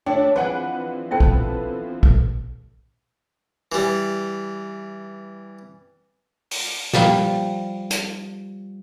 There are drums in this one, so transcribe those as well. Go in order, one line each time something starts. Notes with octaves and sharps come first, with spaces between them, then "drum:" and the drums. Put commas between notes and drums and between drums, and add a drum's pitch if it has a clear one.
A3 D4 C#5 E5 G5 A5
E3 F3 C4 D4 G#4 B4 F#5
B3 E4 A4 B4 G5
drum: kick A#1
drum: kick A#1
E3 G3
drum: open hi-hat
F3 G3, drum: snare
drum: hi-hat